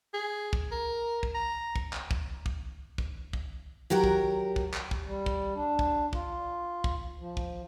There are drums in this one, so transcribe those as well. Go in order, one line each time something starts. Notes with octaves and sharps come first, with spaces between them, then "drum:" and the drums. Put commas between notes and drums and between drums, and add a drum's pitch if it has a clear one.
G#4
drum: kick
A#4
drum: kick
A#5
drum: kick
drum: clap
drum: kick
drum: kick
drum: kick
drum: kick
F#3 G4 A#4 F#5
drum: kick
drum: kick
drum: clap
drum: kick
G3
drum: kick
D4
drum: kick
F4, drum: kick
drum: kick
F3
drum: kick